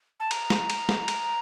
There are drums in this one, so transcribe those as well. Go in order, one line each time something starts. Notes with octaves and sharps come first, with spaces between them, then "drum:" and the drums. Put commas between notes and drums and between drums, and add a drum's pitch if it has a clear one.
A5
A#5, drum: cymbal
drum: snare
drum: cymbal
drum: snare
drum: cymbal